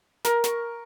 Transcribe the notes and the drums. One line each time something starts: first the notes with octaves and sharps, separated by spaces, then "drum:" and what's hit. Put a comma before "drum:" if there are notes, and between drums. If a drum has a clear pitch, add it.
A#4, drum: snare
C#6, drum: snare